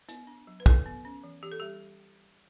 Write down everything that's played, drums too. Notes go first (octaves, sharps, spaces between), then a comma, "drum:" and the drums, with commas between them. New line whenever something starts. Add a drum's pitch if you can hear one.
B3, drum: hi-hat
D4
F#3
B4
F#3 A4, drum: kick
B3
C#4
E3
E3 G4
A4
G3 G4